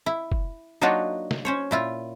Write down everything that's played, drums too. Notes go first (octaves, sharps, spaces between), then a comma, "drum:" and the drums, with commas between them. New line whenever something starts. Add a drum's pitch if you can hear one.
E4
drum: kick
F#3 A#3 D4 D#4 F4 F#4
drum: snare
C#4 C5 C#5
A#2 E4 F4